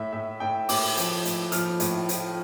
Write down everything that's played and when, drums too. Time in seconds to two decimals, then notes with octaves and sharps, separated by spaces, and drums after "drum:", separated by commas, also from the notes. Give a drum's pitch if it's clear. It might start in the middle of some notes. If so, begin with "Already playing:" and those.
Already playing: A2 E5
0.13 A2 E5
0.40 A2 G5
0.69 A2 D6, drum: open hi-hat
0.97 F3, drum: hi-hat
1.25 A2, drum: hi-hat
1.52 F3 F6, drum: hi-hat
1.80 A2, drum: hi-hat
2.09 F3, drum: hi-hat